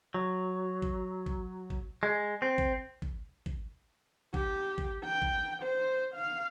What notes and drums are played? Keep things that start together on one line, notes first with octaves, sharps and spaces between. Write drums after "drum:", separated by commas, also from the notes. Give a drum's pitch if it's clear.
F#3
drum: kick G#1
drum: kick G#1
drum: kick G#1
G#3
C4
drum: kick G#1
drum: kick G#1
drum: kick G#1
G4, drum: kick G#1
drum: kick G#1
G5
drum: kick G#1
C5
F5